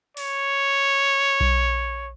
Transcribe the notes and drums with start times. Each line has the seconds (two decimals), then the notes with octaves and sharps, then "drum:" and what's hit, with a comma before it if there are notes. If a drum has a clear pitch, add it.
0.17 C#5, drum: open hi-hat
1.41 drum: kick B1